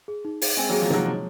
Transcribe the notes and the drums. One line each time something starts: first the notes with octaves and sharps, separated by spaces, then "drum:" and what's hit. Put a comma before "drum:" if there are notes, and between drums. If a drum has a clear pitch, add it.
G#4
D#4
G#4, drum: open hi-hat
G#3 C4 G#5
F#3 A#3
G#4
F3 G#3
F#3 A#3 D#4, drum: tom C3
F3 G#3 C#5